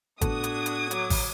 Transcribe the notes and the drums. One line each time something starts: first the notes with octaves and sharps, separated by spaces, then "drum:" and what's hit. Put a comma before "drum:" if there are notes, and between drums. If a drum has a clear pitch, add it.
A2 B3 D4 F#4 A4 D#6 G#6, drum: kick G#1, hi-hat
drum: hi-hat
drum: hi-hat
F#3 D6, drum: hi-hat
drum: kick G#1, open hi-hat